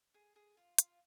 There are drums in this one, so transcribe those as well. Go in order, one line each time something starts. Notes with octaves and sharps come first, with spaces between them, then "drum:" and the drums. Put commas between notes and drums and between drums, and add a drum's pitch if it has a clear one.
G#4
G#4
F4
F4, drum: hi-hat